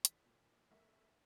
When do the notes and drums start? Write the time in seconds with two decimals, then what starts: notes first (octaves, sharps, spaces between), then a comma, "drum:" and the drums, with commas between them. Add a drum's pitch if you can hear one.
0.05 A1 B6, drum: hi-hat
0.26 A#2
0.71 B1 A#3 E5 C#6